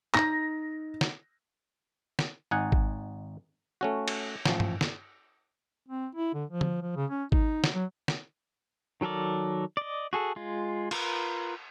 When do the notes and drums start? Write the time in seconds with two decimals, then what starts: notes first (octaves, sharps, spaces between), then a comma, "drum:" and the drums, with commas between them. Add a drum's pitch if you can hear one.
0.15 D#4 A#6, drum: clap
1.01 drum: snare
2.19 drum: snare
2.51 G#1 D#4 F#5 G#5
2.72 drum: kick G#1
3.81 A3 C#4 F#4
4.08 drum: cymbal
4.45 A1 F3, drum: snare
4.60 drum: tom G2
4.81 drum: snare
5.88 C4
6.15 E4
6.34 D3
6.49 F3
6.61 drum: tom
6.82 F3
6.96 C#3
7.10 C#4
7.32 D#4, drum: kick G#1
7.64 drum: snare
7.74 F#3
8.08 drum: snare
9.01 D#3 F#3 A4 A#4 D5
9.77 D5 D#5
10.13 F#4 G#4 A4
10.36 G#3 F4
10.91 F4 A#4 B4, drum: cymbal